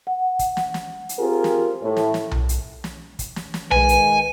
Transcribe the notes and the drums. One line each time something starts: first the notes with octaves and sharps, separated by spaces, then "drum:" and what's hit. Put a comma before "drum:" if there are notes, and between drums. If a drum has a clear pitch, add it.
F#5
drum: kick, hi-hat
drum: snare
drum: snare
drum: hi-hat
C4 F4 G4 G#4 A#4
drum: snare
A2
drum: snare
drum: snare
drum: tom B1
drum: hi-hat
drum: snare
drum: kick, hi-hat
drum: snare
drum: snare
D#3 G#3 B4 G#5, drum: tom B1
drum: hi-hat